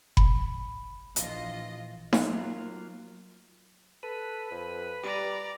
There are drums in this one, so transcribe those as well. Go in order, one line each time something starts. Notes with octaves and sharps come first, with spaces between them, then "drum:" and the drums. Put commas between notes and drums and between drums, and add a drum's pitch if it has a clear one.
B5, drum: kick F#1
A#1 E3 F4 D#5, drum: hi-hat
F#3 A#3 F4, drum: snare D#4
A4 B4
F2
G3 D5 A#5